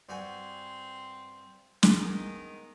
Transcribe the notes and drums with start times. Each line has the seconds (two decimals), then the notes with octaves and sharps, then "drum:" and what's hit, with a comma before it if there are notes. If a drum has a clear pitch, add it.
0.09 G2 C4 F#4 G#5
1.83 D#3 G#3 B3 G#4, drum: snare